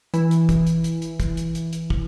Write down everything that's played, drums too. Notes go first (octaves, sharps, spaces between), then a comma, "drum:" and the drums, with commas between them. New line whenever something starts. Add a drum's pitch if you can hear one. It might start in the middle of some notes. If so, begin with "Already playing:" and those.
E3, drum: hi-hat
drum: hi-hat
drum: kick, hi-hat
drum: hi-hat
drum: hi-hat
drum: hi-hat
drum: kick, hi-hat
drum: hi-hat
drum: hi-hat
drum: hi-hat
drum: kick